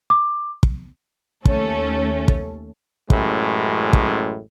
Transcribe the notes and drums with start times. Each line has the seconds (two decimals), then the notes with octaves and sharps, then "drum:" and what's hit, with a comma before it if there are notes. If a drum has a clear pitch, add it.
0.10 D6
0.63 drum: kick
1.45 D#2 A3 C#4 A4, drum: kick
2.28 drum: kick
3.10 A1 F#2 A2 G#3, drum: kick
3.93 drum: kick